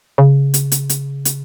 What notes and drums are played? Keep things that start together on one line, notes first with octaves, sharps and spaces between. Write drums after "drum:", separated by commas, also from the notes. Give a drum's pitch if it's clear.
C#3
drum: hi-hat
drum: hi-hat
drum: hi-hat
drum: hi-hat